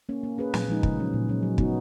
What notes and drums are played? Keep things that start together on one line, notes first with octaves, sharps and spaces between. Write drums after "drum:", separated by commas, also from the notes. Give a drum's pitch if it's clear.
A#3 C#4
A#3
C#4 G#4 B4
A#2, drum: snare
F3 G#3 D#4
C#3, drum: kick
F#3 C#4
A#2
F#3 C#4
F#3
B3 D#4 F#4, drum: kick